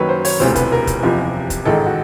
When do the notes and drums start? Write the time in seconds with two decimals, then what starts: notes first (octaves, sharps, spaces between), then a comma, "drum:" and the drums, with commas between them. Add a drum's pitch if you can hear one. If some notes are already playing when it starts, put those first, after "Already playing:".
Already playing: F#2 D#3 F#3 A#3 B4 C#5
0.09 C5
0.25 C#5, drum: open hi-hat
0.40 E1 D2 C3 E3 A3 C5
0.55 B4, drum: kick, hi-hat
0.72 A#4
0.87 drum: kick, hi-hat
1.02 F#1 E2 C3 F3
1.50 drum: kick, hi-hat
1.65 A1 G#2 D#3 G#3 A4
1.86 F#4